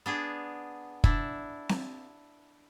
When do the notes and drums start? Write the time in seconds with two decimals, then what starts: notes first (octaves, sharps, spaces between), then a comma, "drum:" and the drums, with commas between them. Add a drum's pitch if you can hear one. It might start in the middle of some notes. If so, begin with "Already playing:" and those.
0.06 B3 D4 G#4
1.04 D4 E4, drum: kick
1.69 drum: snare C4